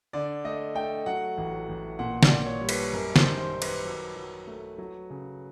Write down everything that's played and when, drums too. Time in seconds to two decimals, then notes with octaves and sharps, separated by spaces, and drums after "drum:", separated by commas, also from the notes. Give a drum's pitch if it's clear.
0.13 D3 D5
0.44 A3 D#5
0.75 A3 G5
1.06 F#3 F#5
1.38 A1
1.69 A1
1.99 A#2 F#5
2.23 D5, drum: snare
2.31 A#2
2.46 C#5
2.61 G3
2.69 B4, drum: cymbal
2.93 F#2 A#4
3.16 C5, drum: snare
3.23 D#3
3.39 C5
3.55 D#3
3.62 B4, drum: cymbal
3.85 F#3
4.16 F#3
4.47 A3
4.78 F#3
5.10 C#3